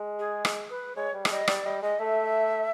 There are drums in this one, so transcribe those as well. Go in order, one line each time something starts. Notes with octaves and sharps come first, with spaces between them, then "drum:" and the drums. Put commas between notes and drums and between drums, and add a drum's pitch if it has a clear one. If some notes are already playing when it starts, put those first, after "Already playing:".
Already playing: G#3
G#4
drum: rim click
B4
G#3 C#5
G3
G#3, drum: rim click
G3 D#5
G3 D5, drum: rim click
G3 D#5
G#3 D#5
A3 E5